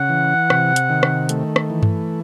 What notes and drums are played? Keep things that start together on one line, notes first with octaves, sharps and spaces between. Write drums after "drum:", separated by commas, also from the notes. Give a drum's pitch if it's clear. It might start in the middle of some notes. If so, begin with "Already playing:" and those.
Already playing: C#3 F#5
E3
C3, drum: rim click
drum: hi-hat
D#3
drum: rim click
A3, drum: hi-hat
drum: rim click
E3
drum: tom G2